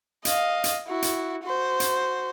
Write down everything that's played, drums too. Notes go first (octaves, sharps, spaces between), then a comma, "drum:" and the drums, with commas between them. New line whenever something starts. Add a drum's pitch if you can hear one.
D#5 F5, drum: hi-hat
drum: hi-hat
E4 F#4
drum: hi-hat
F#4 C5
drum: hi-hat